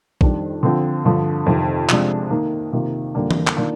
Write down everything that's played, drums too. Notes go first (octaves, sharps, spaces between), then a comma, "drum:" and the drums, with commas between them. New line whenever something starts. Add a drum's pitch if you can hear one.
F2 D#3 G3 D4, drum: kick A#1
D3 F3 C4 F4
G2 D3 F3
F2 C3 D#3
C3 F3 G#3 D4 F4, drum: clap
D#3 A#3 D#4
C3 D#3 A#3 F4
F2 D3 G3 A#3 D4
drum: tom E3
drum: clap
D#3 A#3 D4 F4